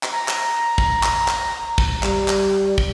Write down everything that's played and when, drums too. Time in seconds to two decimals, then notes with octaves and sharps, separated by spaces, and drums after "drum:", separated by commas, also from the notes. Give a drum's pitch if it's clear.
0.03 drum: clap
0.12 A#5
0.28 drum: clap
0.78 drum: kick
1.03 drum: clap
1.28 drum: clap
1.78 drum: kick
2.03 G3, drum: clap
2.28 drum: clap
2.78 drum: kick